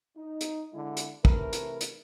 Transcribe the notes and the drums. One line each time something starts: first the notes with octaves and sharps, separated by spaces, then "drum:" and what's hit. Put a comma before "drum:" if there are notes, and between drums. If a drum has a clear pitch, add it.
D#4
drum: hi-hat
D3 G#3 E4
drum: hi-hat
C3 E3 A3 A#4 B4, drum: kick
drum: hi-hat
drum: hi-hat